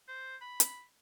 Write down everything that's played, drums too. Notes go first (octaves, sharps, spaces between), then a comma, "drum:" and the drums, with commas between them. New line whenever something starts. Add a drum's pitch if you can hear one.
C5
B5
drum: hi-hat